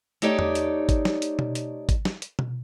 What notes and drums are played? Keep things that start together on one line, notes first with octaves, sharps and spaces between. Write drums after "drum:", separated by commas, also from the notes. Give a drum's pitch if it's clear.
A3 D#4 G4 C#5 D5, drum: hi-hat
drum: tom E2
drum: hi-hat
drum: kick G#1, hi-hat
drum: snare
drum: hi-hat
drum: tom B2
drum: hi-hat
drum: kick G#1, hi-hat
drum: snare
drum: hi-hat
drum: tom B2